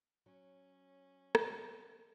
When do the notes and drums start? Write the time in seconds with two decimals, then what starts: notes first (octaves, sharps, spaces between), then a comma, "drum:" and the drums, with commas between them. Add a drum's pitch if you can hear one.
0.26 F#3 C#4
1.35 drum: rim click